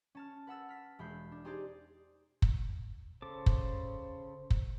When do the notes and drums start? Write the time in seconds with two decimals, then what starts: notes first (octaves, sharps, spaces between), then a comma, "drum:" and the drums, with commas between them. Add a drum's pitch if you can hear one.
0.15 C#4 A5 F6
0.47 B4 F#5 E6 A6
0.69 F6 B6
0.99 E1 G#3 B5 G6 C7
1.32 D4
1.44 C4 D#4 G4 G#4 C5 D5
2.42 drum: kick
3.22 C#3 A4 C5 D6
3.46 drum: kick
4.50 drum: kick